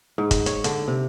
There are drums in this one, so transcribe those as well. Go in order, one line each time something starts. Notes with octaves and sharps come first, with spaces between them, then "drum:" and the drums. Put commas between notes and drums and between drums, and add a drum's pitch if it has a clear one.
G#2
drum: kick, hi-hat
C#5, drum: hi-hat
D3, drum: hi-hat
C3